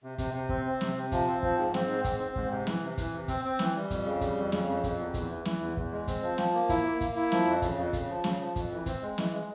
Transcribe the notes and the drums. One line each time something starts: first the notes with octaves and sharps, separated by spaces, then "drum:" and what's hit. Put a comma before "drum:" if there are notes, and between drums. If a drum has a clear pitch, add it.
C3
C3, drum: kick, hi-hat
C3
C4, drum: kick
C4
C3, drum: snare
C3
F3, drum: kick, hi-hat
C4
F3, drum: kick
G#2
C4, drum: snare
G#2
C4, drum: kick, hi-hat
C4
G#2, drum: kick
C3
E3, drum: snare
C3
E3, drum: kick, hi-hat
C3
C4, drum: kick, hi-hat
C4
E3, drum: snare
G3
F2, drum: kick, hi-hat
C#3
G3, drum: kick, hi-hat
F2
C#3, drum: snare
F2
F2, drum: kick, hi-hat
E2
E2, drum: kick, hi-hat
E3
E3, drum: snare
E2
E2, drum: kick
G#3
C4, drum: kick, hi-hat
F3
F3, drum: snare
A#3
E4, drum: kick, hi-hat
A#3
A#3, drum: kick, hi-hat
E4
F3, drum: snare
F2
C#3, drum: kick, hi-hat
F2
C#3, drum: kick, hi-hat
F3
C#3, drum: snare
F3
F2, drum: kick, hi-hat
E3
C4, drum: kick, hi-hat
G#3
E3, drum: snare
G#3